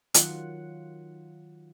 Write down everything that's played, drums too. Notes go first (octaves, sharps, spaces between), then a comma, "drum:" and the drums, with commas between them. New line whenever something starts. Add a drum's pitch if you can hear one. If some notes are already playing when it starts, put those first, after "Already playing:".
D#3 F#3 F4 F#5, drum: hi-hat